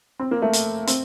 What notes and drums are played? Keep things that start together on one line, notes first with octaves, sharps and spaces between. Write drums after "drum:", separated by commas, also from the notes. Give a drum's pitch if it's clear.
C4
A#3
A3
drum: hi-hat
C4, drum: hi-hat